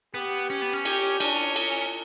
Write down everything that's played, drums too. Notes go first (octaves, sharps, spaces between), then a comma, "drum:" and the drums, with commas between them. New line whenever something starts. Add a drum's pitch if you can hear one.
B3 G4
C#4
B3
C#4
G4, drum: cymbal
C#4 D4, drum: cymbal
drum: cymbal